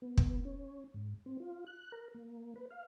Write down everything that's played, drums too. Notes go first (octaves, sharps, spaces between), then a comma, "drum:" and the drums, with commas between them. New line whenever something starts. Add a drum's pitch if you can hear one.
B3
drum: kick
C#4
G#2
C4
F4
F#6
A#4
A#3
B4
F5